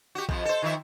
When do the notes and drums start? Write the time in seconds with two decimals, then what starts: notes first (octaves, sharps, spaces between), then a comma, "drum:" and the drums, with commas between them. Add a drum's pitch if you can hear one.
0.15 F#4 G4
0.29 F2 F3, drum: kick A#1
0.45 A4 C5
0.62 D#3 F3 E5